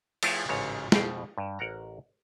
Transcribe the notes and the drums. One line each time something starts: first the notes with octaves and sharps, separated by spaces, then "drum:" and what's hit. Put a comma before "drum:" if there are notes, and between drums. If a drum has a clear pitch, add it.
F3 A3 E4 F4 G#4 C#5, drum: cymbal
A1 G#2 C#3 F#4 C#5
F2 B2 G4 F5, drum: snare
G2
A1 A#4 F#5 A#5